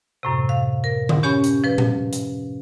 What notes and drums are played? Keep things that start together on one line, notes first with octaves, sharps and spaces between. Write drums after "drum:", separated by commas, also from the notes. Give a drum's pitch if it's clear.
F#2 A2 C3
F5
A#4
drum: tom D3
C#4 G4 C#5 G#5 B5 C#6
drum: hi-hat
F3 B4
drum: tom A#2
drum: hi-hat